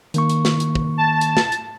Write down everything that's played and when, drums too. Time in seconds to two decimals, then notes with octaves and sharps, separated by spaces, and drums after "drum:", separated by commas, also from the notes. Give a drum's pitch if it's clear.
0.14 D#3 A#3 C#6, drum: hi-hat
0.29 drum: hi-hat
0.45 drum: snare
0.60 drum: hi-hat
0.75 drum: kick
0.98 A5
1.21 drum: hi-hat
1.37 drum: snare
1.52 drum: hi-hat